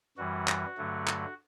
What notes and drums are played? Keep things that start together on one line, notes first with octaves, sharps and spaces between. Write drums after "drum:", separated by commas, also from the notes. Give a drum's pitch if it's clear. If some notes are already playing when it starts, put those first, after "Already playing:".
F#2 E3 G3 F#4
drum: clap
G2 D3 F#3 A3
drum: clap